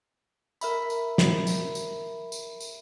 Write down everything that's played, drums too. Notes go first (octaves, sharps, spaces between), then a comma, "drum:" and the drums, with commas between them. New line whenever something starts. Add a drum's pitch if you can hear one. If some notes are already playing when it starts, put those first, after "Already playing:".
A#4 E5 B5, drum: tambourine
drum: tambourine
drum: snare
drum: tambourine
drum: tambourine
drum: tambourine
drum: tambourine